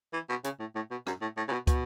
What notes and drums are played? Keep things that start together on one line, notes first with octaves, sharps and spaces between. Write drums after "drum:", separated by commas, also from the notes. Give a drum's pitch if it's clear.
E3
B2
C#3, drum: hi-hat
A2
A2
B2
F#2, drum: rim click
A2
A2
C#3
B2
B2, drum: kick, hi-hat